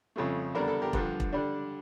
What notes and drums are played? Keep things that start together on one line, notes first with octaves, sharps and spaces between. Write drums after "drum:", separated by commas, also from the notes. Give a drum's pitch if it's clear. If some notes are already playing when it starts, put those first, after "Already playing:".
F2 C#3 F3 A3
E2 D3 G3 D4 A#4
A4
G4 A#4
G2 D3 F3, drum: kick E1
drum: kick E1
D3 G3 D4